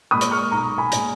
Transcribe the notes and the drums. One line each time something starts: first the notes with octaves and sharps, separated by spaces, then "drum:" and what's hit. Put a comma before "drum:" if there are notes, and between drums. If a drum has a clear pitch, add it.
A#2 G#3 B5 D#6
drum: hi-hat
C#6 F6
B1 A#5 C#6
G#5 B5
A#2 G#3, drum: hi-hat